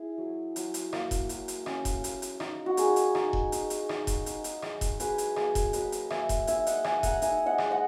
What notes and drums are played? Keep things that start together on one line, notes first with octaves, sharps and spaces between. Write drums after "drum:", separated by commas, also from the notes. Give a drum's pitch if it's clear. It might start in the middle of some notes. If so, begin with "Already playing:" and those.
Already playing: E4 G#4
F#3
F#3, drum: hi-hat
drum: hi-hat
A#3, drum: rim click
drum: kick E1, hi-hat
F#3, drum: hi-hat
drum: hi-hat
C#4, drum: rim click
drum: kick E1, hi-hat
A#3, drum: hi-hat
drum: hi-hat
D#4, drum: rim click
F#4
D#4 G#4, drum: hi-hat
drum: hi-hat
D#4, drum: rim click
drum: kick E1
D#4, drum: hi-hat
drum: hi-hat
D#4, drum: rim click
drum: kick E1, hi-hat
D#4, drum: hi-hat
drum: hi-hat
G#3, drum: rim click
drum: kick E1, hi-hat
F#3 G#4 B4, drum: hi-hat
drum: hi-hat
A#3 G#4, drum: rim click
drum: kick E1, hi-hat
F#3 B4 D#5, drum: hi-hat
drum: hi-hat
A#3 E5 G#5, drum: rim click
drum: kick E1, hi-hat
D#4 E5 G#5, drum: hi-hat
D#5 F#5, drum: hi-hat
D#4 E5 G#5, drum: rim click
F#5 A#5, drum: kick E1, hi-hat
D#4 E5 G#5, drum: hi-hat
D#5 F#5
G#3, drum: rim click
D#5 F#5